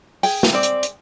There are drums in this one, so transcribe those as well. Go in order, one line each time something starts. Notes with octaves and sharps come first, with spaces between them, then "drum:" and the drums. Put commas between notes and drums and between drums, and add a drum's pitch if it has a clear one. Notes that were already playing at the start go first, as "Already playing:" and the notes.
G#4 G5, drum: open hi-hat
drum: snare
C4 D5
drum: hi-hat
drum: hi-hat